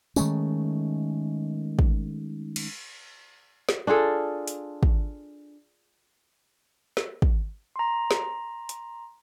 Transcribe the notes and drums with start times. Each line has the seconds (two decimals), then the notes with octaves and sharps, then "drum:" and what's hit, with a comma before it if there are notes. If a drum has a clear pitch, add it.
0.16 D#3 G#3 A3 C#4, drum: tambourine
1.79 drum: kick
2.56 drum: cymbal
3.69 drum: snare
3.87 D4 F4 G#4 A4
4.48 drum: hi-hat
4.83 drum: kick
6.97 drum: snare
7.22 drum: kick
7.76 A#5 C6
8.11 drum: snare
8.69 drum: hi-hat